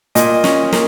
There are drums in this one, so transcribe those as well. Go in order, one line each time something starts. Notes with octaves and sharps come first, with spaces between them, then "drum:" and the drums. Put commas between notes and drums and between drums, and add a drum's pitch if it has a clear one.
A#2 D#5, drum: hi-hat
C#4, drum: snare
A#3, drum: snare